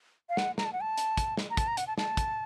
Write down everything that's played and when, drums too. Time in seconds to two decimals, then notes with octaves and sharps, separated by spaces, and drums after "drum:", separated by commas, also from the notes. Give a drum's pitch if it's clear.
0.29 F5
0.37 F#5, drum: snare
0.58 A#5, drum: snare
0.65 A5
0.73 F#5
0.81 A5
0.98 drum: hi-hat
1.17 drum: kick, hi-hat
1.37 drum: snare
1.50 A#5
1.57 A5, drum: kick, hi-hat
1.67 A#5
1.77 F#5, drum: hi-hat
1.87 A5
1.98 A5, drum: snare
2.17 drum: kick, hi-hat